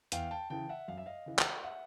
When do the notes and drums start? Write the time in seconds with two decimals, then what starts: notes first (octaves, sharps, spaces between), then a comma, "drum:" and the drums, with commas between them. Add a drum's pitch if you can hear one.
0.12 E2 F5 G5, drum: hi-hat
0.31 G5 A5
0.50 C#3 E3 G5 A5
0.69 E5 F#5
0.88 F#2 F5
0.98 E5
1.06 D#5 F5
1.26 C#3 E3
1.39 drum: clap
1.63 E5 F#5